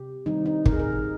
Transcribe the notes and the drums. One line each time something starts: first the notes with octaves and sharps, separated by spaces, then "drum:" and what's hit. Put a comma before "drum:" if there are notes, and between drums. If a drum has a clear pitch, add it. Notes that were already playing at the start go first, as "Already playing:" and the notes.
Already playing: C3 G4
D#3 G3 C4 D#4
D#4
A#4, drum: kick
G#4
A#4